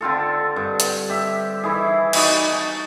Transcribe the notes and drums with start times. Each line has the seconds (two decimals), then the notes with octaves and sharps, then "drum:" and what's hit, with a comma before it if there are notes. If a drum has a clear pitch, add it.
0.01 D3 C4 F4 A4
0.56 G2
0.80 drum: hi-hat
1.09 G4 E5
1.63 E3 E4 G#4
2.13 D#4 F#4 D5, drum: cymbal
2.51 A5